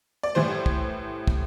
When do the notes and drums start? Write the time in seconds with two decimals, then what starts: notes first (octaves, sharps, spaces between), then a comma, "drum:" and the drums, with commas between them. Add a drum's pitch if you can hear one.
0.23 D5
0.35 A2 E3 G3 C5
0.66 drum: kick
1.27 drum: kick